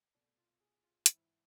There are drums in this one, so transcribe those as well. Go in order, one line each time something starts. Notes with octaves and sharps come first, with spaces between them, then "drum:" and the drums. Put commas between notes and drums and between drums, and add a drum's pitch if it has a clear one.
C2 B2 A3 D5
F4
G#4
F4
G#1 G#2 E3 E4, drum: hi-hat